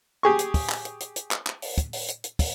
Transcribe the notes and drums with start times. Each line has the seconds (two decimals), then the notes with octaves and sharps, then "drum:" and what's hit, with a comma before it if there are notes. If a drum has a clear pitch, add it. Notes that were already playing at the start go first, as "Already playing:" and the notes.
0.23 G4 G#4 C#6
0.39 drum: hi-hat
0.54 drum: kick, open hi-hat
0.70 drum: clap
0.85 drum: hi-hat
1.00 drum: hi-hat
1.16 drum: hi-hat
1.31 drum: clap
1.47 drum: clap
1.62 drum: open hi-hat
1.78 drum: kick, hi-hat
1.93 drum: open hi-hat
2.08 drum: hi-hat
2.24 drum: hi-hat
2.39 drum: kick, open hi-hat